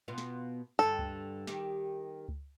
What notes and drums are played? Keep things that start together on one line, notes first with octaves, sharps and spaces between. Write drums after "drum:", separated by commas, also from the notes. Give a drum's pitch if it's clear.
B2 B3 F4
drum: snare
G2 D3 A4
drum: kick C#2
D#3 G4, drum: snare
drum: kick C#2